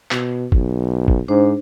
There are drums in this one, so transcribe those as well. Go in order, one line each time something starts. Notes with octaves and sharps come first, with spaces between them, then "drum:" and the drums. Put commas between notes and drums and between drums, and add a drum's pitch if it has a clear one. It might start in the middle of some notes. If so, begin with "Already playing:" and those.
B2, drum: clap
B1, drum: kick
drum: kick
G#2 D4 C5